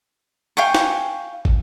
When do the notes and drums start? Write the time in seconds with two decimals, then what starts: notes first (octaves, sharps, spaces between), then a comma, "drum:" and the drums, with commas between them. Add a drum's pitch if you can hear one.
0.57 F5 G5 G#5 C#6
0.75 drum: snare
1.45 drum: kick